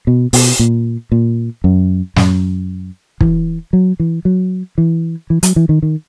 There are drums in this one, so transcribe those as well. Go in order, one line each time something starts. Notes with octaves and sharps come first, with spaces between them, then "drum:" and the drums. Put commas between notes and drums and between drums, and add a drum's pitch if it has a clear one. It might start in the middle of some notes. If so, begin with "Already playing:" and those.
B2
B2, drum: open hi-hat
A#2
A#2
F#2
F#2, drum: snare
E3, drum: kick
F#3
E3
F#3
E3
E3
F#3, drum: hi-hat
E3
D#3
D#3